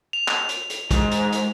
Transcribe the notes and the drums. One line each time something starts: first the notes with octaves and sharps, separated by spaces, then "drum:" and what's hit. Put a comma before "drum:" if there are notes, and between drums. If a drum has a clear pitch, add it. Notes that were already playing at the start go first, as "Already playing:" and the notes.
F7
drum: clap
drum: hi-hat
drum: hi-hat
G#2, drum: kick, hi-hat
drum: hi-hat
drum: hi-hat